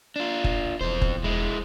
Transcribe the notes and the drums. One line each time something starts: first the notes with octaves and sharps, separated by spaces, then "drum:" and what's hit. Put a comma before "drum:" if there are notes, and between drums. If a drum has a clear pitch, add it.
D4 F4
drum: kick F1
E1 F2 C5
drum: kick F1
G#3 E4